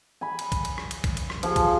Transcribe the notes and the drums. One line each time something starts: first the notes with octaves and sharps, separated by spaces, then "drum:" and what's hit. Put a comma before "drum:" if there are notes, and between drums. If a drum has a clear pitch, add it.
G#5 B5
drum: cymbal
drum: kick, cymbal
drum: cymbal
drum: rim click
drum: cymbal
drum: kick, cymbal
drum: cymbal
drum: rim click
F3 G#4, drum: cymbal
drum: kick, cymbal